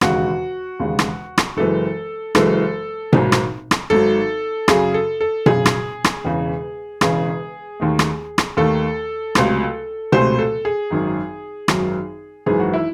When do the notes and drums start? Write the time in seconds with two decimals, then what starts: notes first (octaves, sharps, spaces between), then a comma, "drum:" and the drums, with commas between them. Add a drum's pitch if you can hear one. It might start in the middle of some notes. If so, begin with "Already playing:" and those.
0.01 E1 D#2 C#3 G#3 F#4, drum: rim click
0.79 E1 D#2 C#3 G#3
0.99 drum: rim click
1.38 drum: rim click
1.57 F#1 F#2 E3 G#3 A4
2.35 F#1 F#2 E3 G#3 A4, drum: rim click
3.13 G#1 G#2 F#3, drum: tom B2
3.32 drum: rim click
3.71 drum: rim click
3.90 G#1 G#2 F#3 A4
4.68 F#2 C#3 F#3 G#4, drum: rim click
4.94 A4
5.21 A4
5.46 F#2 C#3 F#3 G#4, drum: tom B2
5.66 drum: rim click
6.04 drum: rim click
6.24 E1 E2 C#3
7.01 E1 E2 C#3 G#4, drum: rim click
7.80 D#2 D#3 A3
7.99 drum: rim click
8.38 drum: rim click
8.57 D#2 D#3 A3 A4
9.35 C#2 C3 F#3 A3, drum: rim click
10.12 C#2 C3 F#3 A3 C5, drum: tom B2
10.38 A4
10.65 G#4
10.90 G#1 F#2 D#3 F#3
11.68 G#1 F#2 D#3 F#3, drum: rim click
12.46 G#1 F#2 E3 G#3 G#4
12.60 F#4
12.73 E4